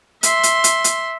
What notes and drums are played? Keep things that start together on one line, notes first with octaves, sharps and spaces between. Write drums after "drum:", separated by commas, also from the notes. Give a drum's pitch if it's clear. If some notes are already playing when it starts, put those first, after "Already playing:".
E5 C6, drum: hi-hat
drum: hi-hat
drum: hi-hat
drum: hi-hat